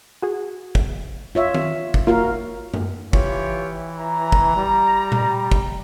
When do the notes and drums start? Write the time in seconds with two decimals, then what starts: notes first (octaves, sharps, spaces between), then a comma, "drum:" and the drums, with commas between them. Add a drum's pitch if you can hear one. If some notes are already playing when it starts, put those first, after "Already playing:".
0.22 F#4 G#4
0.75 drum: kick
1.35 F4 C#5 E5
1.54 drum: tom D#3
1.94 drum: kick
2.07 A#3 F4 F#4 A#4 F5
2.74 drum: tom F#2
3.13 E3 F4 G4 C#5, drum: kick
4.00 A#5
4.32 drum: kick
4.56 G3
5.12 drum: tom A#2
5.52 drum: kick